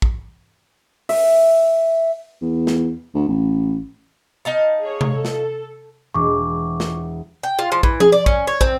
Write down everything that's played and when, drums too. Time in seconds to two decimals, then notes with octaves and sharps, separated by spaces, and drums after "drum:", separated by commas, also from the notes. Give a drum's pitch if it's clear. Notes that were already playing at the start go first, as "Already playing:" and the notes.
0.02 drum: kick
1.09 E5, drum: open hi-hat
2.41 E2
2.67 drum: snare
3.15 D2
3.28 A1
4.45 D#4 F5 A5
4.81 G#4 C#5
5.01 drum: tom C3
5.15 A4
5.25 drum: snare
6.14 E1 C#6 D6
6.80 drum: snare
7.43 G5
7.59 F4
7.72 F3
7.83 E3, drum: kick
8.00 G#4, drum: tom F3
8.12 D5
8.26 C#4, drum: kick
8.47 C#5
8.61 C4, drum: kick